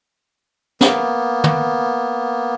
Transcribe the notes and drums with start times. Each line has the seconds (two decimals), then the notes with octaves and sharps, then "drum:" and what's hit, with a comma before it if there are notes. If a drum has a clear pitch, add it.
0.81 A#3 B3, drum: snare
1.44 drum: tom